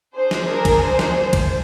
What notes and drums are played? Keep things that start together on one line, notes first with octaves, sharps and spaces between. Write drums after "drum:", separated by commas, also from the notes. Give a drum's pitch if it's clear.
D4 G#4 C5
drum: snare
A#4
drum: kick, cymbal
C5
drum: snare
drum: kick, cymbal